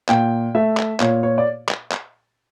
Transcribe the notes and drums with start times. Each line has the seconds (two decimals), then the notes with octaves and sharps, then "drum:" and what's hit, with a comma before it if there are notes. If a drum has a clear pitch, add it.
0.09 A#2 G5, drum: clap
0.55 A3 E5
0.77 drum: clap
1.00 A#2 C#5, drum: clap
1.23 C#5
1.38 D5
1.69 drum: clap
1.92 drum: clap